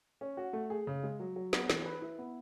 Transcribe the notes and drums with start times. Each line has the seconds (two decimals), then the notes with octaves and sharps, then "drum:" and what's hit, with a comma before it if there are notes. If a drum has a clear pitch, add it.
0.21 C#4
0.37 F#4
0.53 A3
0.70 G#4
0.87 C#3
1.04 G#3
1.20 F#3
1.36 F#3
1.53 B3, drum: snare
1.70 E3, drum: snare
1.86 B4
2.02 E4
2.19 B3